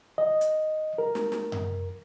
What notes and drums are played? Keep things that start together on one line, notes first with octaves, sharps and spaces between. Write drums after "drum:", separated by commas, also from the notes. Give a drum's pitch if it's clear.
D#5
drum: hi-hat
A#4
drum: snare
drum: snare
drum: tom F#2